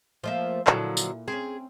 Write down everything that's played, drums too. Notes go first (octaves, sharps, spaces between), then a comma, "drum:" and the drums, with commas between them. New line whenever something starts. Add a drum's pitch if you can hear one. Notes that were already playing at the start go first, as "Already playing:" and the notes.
F3 A3 A#3 C5 D#5 E5
A#2 D3 F3 F#3 E4 A4, drum: clap
drum: tambourine
C4 C#4 G#4